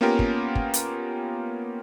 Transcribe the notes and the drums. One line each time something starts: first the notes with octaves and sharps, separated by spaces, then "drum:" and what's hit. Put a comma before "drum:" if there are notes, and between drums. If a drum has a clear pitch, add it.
A#3 B3 C#4 F4 G4 A#4
drum: kick
drum: kick
drum: hi-hat